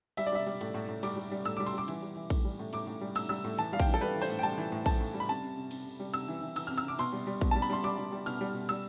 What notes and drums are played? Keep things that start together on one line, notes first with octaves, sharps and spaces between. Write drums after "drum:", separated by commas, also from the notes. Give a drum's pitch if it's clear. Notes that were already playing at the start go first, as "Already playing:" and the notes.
G3 E5, drum: cymbal
D5
G3 E5
G3
A2, drum: cymbal
A2
A2
G3 D6, drum: cymbal
G3
G3
A2 E6, drum: cymbal
G3 D6
C6, drum: cymbal
G3 D6
E3, drum: cymbal
G3
E3
A2, drum: kick A#1, cymbal
G3
A2
A2 D6, drum: cymbal
A2
G3
A2 E6, drum: cymbal
G3 E6
A2
E3 A5, drum: cymbal
G3 F5
G5, drum: kick A#1, cymbal
E3
A4
G3 B4, drum: cymbal
E3
C5, drum: cymbal
A2
G5
G3 A5, drum: cymbal
E3
A2
A2 A5, drum: kick A#1, cymbal
A2
G3
B5
C3 A5, drum: cymbal
C3
C3
C3, drum: cymbal
C3
G3
C3 E6, drum: cymbal
E3
E3
E3 E6, drum: cymbal
C3 F6
E6, drum: cymbal
C3 D6
B2 C6, drum: cymbal
G3
G3
B2, drum: kick A#1, cymbal
G3 A5
B5, drum: cymbal
G3 C6
G3 D6, drum: cymbal
G3
G3
B2 F6, drum: cymbal
G3
B2
G3 E6, drum: cymbal